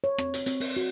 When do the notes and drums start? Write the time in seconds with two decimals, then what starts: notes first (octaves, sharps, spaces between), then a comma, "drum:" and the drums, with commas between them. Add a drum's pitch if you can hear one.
0.04 C#5
0.18 C4, drum: rim click
0.34 drum: hi-hat
0.46 C4, drum: hi-hat
0.60 C4, drum: open hi-hat
0.76 F#4